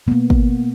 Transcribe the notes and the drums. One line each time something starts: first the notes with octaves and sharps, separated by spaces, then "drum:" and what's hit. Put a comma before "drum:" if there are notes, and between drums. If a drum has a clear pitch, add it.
B2 A#3 B3
drum: kick G#1